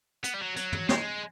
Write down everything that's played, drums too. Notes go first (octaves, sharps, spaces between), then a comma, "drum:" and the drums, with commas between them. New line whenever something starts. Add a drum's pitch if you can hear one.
B3, drum: hi-hat
G3
F#3
F#3, drum: hi-hat
drum: tom
G#3, drum: snare